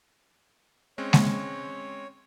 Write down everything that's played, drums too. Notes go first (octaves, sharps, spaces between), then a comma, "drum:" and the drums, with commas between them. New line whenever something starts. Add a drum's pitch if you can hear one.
G#3 C4 C#4 C#5
drum: snare G#3